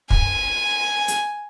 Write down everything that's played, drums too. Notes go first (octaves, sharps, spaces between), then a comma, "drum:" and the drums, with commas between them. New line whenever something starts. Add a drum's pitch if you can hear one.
G#5, drum: kick
drum: hi-hat